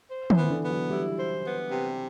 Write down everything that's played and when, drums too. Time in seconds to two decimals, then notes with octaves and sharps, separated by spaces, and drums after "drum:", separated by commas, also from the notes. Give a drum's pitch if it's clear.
0.10 C5
0.30 E3, drum: tom
0.37 B3
0.44 E3
0.50 D3
0.64 B3
0.70 F#3
0.90 G3 E4
1.17 C5
1.44 B3
1.71 C3